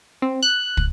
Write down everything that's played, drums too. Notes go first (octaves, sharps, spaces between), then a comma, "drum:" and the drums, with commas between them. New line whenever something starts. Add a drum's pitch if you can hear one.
C4
F#6
drum: kick